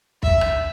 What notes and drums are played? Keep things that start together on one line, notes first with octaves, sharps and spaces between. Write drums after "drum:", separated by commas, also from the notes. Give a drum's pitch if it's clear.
E5, drum: kick
drum: rim click